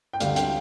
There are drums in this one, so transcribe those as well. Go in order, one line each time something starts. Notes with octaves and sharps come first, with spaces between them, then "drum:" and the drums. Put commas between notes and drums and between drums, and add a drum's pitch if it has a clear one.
G5
D2 D3 G3 F5, drum: hi-hat
G5, drum: hi-hat